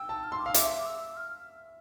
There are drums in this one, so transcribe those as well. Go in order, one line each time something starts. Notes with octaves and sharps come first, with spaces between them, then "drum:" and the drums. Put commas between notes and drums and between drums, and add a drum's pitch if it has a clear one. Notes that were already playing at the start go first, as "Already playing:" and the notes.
Already playing: G5 E6
A5
F6
C6 E6
D6
F5 E6
E5 D6, drum: hi-hat
C6
D6
E6
F6